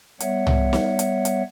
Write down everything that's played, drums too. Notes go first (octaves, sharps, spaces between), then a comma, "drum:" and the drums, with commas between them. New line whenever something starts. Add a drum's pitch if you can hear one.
G3 B3 C#5 E5 F#5, drum: hi-hat
drum: tom C2
drum: snare
drum: hi-hat
drum: hi-hat